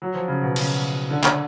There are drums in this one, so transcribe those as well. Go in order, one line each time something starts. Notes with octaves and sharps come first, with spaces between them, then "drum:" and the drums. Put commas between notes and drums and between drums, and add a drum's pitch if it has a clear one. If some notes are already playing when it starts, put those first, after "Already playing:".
F#3
F3
C#3
B2
C#3, drum: cymbal
D3
drum: clap